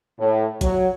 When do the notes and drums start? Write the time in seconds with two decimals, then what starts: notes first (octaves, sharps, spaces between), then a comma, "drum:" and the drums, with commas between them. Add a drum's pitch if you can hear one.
0.19 A2
0.61 F#3, drum: kick, hi-hat